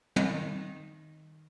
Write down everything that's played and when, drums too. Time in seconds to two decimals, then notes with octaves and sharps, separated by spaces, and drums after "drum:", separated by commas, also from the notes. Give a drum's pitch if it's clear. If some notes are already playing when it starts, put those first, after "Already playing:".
0.16 drum: tom
0.26 D#3